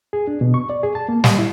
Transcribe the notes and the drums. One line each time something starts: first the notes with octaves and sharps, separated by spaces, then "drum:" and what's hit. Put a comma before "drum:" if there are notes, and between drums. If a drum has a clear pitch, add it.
G#4
D4
B2
C#6
D5
G#4
A5
A#3
G3, drum: snare
E4